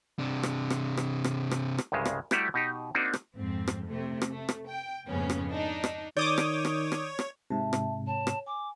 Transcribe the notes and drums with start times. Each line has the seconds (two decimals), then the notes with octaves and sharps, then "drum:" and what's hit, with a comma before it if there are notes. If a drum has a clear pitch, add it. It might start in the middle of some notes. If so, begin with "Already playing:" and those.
0.19 C3 D4
0.43 drum: rim click
0.70 drum: rim click
0.97 drum: rim click
1.24 drum: rim click
1.51 drum: rim click
1.78 drum: rim click
1.92 C2 G2 C#3 G#3
2.05 drum: rim click
2.31 G3 A3 E4 F#4 G4 D5, drum: rim click
2.54 B2 D#4 G4
2.95 A#3 C4 D4 D#4 F#4
3.13 drum: rim click
3.37 F2 G#2 C4
3.68 drum: rim click
3.87 C3 A3
4.22 drum: rim click
4.32 A3
4.49 drum: rim click
4.68 G5
5.07 F2 G#2 C#3 A#3 B3 C#4
5.30 drum: rim click
5.51 D4 D#4
5.84 drum: rim click
6.17 D#3 C#5 D5 D6 D#6 G6
6.38 drum: rim click
6.65 drum: rim click
6.92 drum: rim click
7.19 drum: rim click
7.50 G#2 C3 E5 A5
7.73 drum: rim click
8.07 C#5 A5
8.27 drum: rim click
8.46 G#5 D6